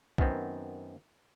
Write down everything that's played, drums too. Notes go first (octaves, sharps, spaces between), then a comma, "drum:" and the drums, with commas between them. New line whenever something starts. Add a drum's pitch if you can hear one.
F#2 D#3 B3 C4, drum: kick